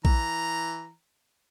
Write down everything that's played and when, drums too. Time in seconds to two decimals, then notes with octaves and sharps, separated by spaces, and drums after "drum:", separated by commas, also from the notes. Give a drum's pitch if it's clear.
0.05 E3 A#5, drum: kick A#1